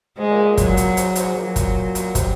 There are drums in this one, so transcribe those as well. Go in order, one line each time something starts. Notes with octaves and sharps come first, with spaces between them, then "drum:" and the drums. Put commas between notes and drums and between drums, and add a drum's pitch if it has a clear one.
G#2 G#3
A#2
A#2
F#3, drum: kick, hi-hat
drum: hi-hat
G#2, drum: hi-hat
G#2, drum: hi-hat
A#2 F#3
drum: kick, hi-hat
drum: hi-hat
C3, drum: kick, hi-hat